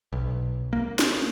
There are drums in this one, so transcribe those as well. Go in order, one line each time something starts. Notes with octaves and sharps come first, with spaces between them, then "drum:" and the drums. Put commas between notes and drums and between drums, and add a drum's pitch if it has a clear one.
B1
A#3
drum: snare